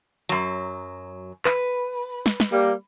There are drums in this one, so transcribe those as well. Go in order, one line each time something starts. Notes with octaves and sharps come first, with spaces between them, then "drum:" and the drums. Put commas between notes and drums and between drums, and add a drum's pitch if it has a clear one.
F#2 F#3, drum: hi-hat
B4, drum: clap
drum: snare
drum: snare
G3 A#3